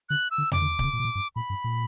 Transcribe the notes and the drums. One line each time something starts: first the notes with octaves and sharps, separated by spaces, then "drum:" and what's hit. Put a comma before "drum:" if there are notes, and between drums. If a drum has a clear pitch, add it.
D3 F#6
E6
D3
C#3 D6, drum: tom E2
D3
B2, drum: kick C#1
C#3
A#2
B2
A#2
G2
A#2 B5
G2
A#2